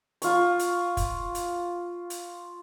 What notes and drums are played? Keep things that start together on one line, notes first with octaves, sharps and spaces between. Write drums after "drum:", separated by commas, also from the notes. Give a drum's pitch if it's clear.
F4 C#6, drum: hi-hat
drum: hi-hat
drum: kick, hi-hat
drum: hi-hat
drum: hi-hat